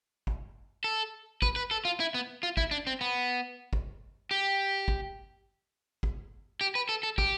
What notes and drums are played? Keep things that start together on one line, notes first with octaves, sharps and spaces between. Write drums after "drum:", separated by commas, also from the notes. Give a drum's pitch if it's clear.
drum: kick
A4
B4, drum: kick
B4
A4
F4
E4
B3
F4
E4, drum: kick
D4
C4
B3
drum: kick
G4
drum: kick
drum: kick
G4
B4
A4
A4
G4, drum: kick